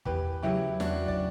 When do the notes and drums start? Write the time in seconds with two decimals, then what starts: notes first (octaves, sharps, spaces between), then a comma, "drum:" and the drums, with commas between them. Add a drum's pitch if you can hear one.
0.05 E2 G4 B4, drum: kick
0.42 C#3 F#3 E4 G4
0.80 E2 D4 F#4, drum: snare
1.08 D5, drum: kick